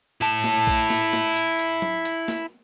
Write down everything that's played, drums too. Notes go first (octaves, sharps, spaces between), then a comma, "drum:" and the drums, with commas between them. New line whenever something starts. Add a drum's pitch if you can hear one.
E4 A5, drum: hi-hat
drum: snare
drum: kick A#1, open hi-hat
drum: snare
drum: snare
drum: hi-hat
drum: hi-hat
drum: tom F#3
drum: hi-hat
drum: snare